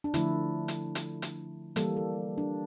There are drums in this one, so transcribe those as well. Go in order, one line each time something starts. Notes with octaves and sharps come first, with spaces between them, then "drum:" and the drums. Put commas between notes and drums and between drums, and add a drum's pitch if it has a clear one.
D4
D3 F3 A3 E4, drum: hi-hat
drum: hi-hat
drum: hi-hat
drum: hi-hat
E3 G3 A#3 A4, drum: hi-hat
A4
D4